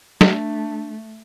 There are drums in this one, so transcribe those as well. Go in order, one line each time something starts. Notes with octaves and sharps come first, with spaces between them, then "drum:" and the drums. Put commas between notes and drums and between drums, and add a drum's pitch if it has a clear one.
A3 D4, drum: snare